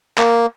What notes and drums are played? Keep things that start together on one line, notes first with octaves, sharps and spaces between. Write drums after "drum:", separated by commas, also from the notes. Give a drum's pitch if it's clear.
A#3, drum: clap